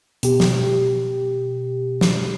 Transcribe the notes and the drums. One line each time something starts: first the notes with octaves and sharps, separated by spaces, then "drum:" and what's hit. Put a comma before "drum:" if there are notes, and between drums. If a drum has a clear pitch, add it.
B2 G4, drum: hi-hat
drum: snare
drum: snare